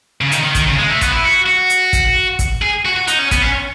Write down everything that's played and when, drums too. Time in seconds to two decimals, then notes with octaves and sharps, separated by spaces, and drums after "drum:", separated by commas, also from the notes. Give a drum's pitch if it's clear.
0.21 C#3
0.32 D#3, drum: hi-hat
0.43 D#3
0.55 D#3, drum: kick, hi-hat
0.67 C#3
0.79 G#3
0.90 A3
1.01 B3, drum: kick, hi-hat
1.13 E4
1.24 F#4
1.46 F#4
1.70 drum: hi-hat
1.93 drum: kick, hi-hat
2.39 drum: kick, hi-hat
2.62 G#4
2.85 F#4
2.96 F#4
3.08 D#4, drum: hi-hat
3.19 C#4
3.31 B3, drum: kick, hi-hat
3.42 C#4